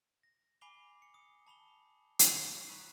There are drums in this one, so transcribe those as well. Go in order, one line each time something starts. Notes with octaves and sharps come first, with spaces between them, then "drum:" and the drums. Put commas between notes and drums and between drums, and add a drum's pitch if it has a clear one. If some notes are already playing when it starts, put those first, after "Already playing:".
A#6
G#5 B5 D6 C7 F7 G7
C#7
D#6
A5 B5 F7 G7
drum: hi-hat
A#5 B5 C#6 D#6 F#6 B6